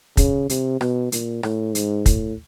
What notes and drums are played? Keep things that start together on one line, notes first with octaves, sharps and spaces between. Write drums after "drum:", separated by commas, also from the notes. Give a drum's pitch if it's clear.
C#3, drum: kick, hi-hat
C3, drum: hi-hat
B2, drum: rim click
A#2, drum: hi-hat
A2, drum: rim click
G#2, drum: hi-hat
A2, drum: kick, hi-hat